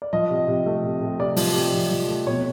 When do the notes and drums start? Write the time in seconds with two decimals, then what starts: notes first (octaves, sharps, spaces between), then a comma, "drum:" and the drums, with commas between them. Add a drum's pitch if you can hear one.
0.02 D5
0.13 F3 D#5
0.30 C3
0.47 C3
0.66 A3
0.84 C3
1.01 C3
1.19 C3 D5
1.36 F3, drum: open hi-hat
1.54 C3
1.72 F3
1.91 F3
2.08 A3
2.27 B2 C#5